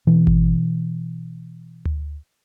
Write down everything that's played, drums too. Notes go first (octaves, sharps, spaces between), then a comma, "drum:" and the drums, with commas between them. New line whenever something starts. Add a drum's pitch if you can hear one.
B2 E3 C4
drum: kick G#1
drum: tom D2